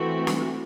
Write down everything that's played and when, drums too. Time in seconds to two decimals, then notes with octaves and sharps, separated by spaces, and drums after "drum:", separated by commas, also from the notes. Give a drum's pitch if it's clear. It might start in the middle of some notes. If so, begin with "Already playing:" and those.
Already playing: E3 A3 C4 F#4
0.27 drum: snare